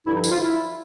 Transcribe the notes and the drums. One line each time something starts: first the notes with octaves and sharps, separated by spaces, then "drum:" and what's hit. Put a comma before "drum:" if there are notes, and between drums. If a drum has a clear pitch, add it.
G2 D3 F3 E4
D#4
E4, drum: tambourine
F4
E4